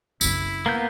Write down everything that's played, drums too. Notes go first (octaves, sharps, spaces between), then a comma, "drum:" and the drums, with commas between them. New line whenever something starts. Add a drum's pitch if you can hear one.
F#1 D4 E4, drum: tambourine
A#3 B3 G6